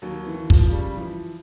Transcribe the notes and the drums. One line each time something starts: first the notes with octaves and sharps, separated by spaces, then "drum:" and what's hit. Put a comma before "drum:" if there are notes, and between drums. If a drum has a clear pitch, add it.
D#2 F#3
E3
D#2
F3, drum: kick
C#3
G3
E3 F3